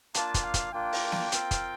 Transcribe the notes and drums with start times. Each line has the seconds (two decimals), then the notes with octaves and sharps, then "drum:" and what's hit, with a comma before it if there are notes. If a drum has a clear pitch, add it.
0.14 A#3 D4 F4 A5, drum: hi-hat
0.34 drum: kick, hi-hat
0.44 F5
0.54 drum: kick, hi-hat
0.73 A#3 D4 F4 G5
0.93 drum: open hi-hat
1.12 drum: snare
1.32 C4 F4 A#4 F5, drum: hi-hat
1.51 drum: kick, hi-hat